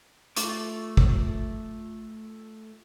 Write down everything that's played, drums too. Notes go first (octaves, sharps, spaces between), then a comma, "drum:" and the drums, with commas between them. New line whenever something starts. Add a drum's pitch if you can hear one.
A3 F4 C#6 D6, drum: hi-hat
drum: kick